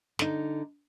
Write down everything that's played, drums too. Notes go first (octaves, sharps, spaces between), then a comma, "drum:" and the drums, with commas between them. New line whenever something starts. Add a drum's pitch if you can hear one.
D3 D#4, drum: snare